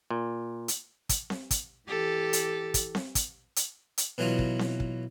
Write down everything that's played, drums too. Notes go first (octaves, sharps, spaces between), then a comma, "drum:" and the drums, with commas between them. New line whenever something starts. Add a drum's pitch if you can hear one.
A#2
drum: hi-hat
drum: kick, hi-hat
drum: snare C4
drum: kick, hi-hat
E3 G4 A4
drum: hi-hat
drum: kick, hi-hat
drum: snare C4
drum: kick, hi-hat
drum: hi-hat
drum: hi-hat
B2 E3 F#3 D#4 F4 F#4
drum: kick
drum: snare C4
drum: kick